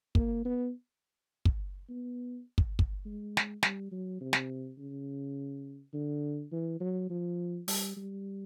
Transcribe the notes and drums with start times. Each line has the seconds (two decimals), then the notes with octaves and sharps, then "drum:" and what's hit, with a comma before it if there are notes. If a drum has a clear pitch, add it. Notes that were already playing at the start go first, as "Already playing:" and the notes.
0.15 A#3, drum: kick
0.45 B3
1.45 drum: kick
1.89 B3
2.58 drum: kick
2.79 drum: kick
3.05 G#3
3.37 drum: snare
3.63 G3, drum: snare
3.91 F#3
4.21 C3
4.33 drum: snare
4.78 C#3
5.93 D3
6.52 E3
6.80 F#3
7.10 F3
7.68 G3, drum: open hi-hat
7.96 G3